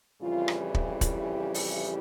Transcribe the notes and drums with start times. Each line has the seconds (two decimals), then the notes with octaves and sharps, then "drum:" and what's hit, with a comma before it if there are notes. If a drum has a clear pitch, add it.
0.21 F2 C#3 E3 G3 F4
0.48 drum: rim click
0.61 E4 G4
0.74 drum: kick
1.01 drum: kick, hi-hat
1.54 drum: open hi-hat